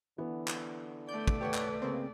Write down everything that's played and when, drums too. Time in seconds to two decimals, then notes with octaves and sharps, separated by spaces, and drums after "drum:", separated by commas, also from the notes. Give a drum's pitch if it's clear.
0.18 D3 E3 B3
0.48 drum: clap
1.09 A3 D5 G6
1.28 drum: kick
1.41 G4 B4 C#5 F#5
1.54 drum: clap
1.82 C#3 A#3 C4 B4